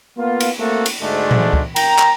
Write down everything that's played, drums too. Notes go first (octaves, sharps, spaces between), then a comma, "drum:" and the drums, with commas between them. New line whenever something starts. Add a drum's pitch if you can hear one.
A#3 B3 F4
drum: cymbal
A3 A#3 C4 F#4 A4
drum: cymbal
D2 G#2 G#3 A3 D4
drum: tom A#2
drum: kick
A#4 G5 A#5, drum: cymbal
drum: clap